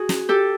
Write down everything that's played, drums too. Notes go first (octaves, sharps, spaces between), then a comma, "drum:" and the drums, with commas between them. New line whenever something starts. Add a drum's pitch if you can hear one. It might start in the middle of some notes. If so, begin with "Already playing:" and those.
Already playing: F#4 G#4
drum: snare
G4 A4